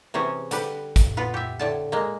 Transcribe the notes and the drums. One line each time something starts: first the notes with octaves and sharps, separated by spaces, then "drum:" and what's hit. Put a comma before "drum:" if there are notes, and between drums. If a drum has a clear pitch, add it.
C3 E3 C#4 G#4
D3 G3 B4, drum: hi-hat
drum: kick, hi-hat
B3 F4 B4
G4 E5
A2 D3 A5
G#3 A#3